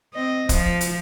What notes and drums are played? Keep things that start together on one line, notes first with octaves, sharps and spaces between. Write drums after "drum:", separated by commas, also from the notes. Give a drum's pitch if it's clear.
C4 D#5
F3, drum: kick, hi-hat
drum: hi-hat